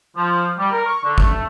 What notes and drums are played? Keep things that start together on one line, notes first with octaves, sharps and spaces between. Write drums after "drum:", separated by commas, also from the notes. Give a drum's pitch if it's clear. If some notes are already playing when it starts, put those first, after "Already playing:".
F3
G3
A#4
C#6
D3
A3, drum: kick